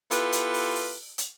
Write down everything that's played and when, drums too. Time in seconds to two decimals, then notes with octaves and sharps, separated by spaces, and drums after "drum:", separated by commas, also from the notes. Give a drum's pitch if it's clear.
0.11 B3 E4 F4 G4 A4 B4, drum: hi-hat
0.32 drum: hi-hat
0.54 drum: open hi-hat
0.75 drum: open hi-hat
1.18 drum: hi-hat